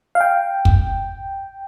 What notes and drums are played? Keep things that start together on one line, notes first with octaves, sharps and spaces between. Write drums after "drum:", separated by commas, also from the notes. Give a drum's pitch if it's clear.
F5
G5
drum: kick